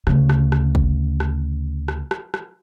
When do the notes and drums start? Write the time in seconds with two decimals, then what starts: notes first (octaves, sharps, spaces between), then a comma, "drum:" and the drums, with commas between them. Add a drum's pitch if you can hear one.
0.07 D2 C#3, drum: rim click
0.29 drum: rim click
0.52 drum: rim click
0.75 drum: kick
1.20 drum: rim click
1.88 drum: rim click
2.11 drum: rim click
2.34 drum: rim click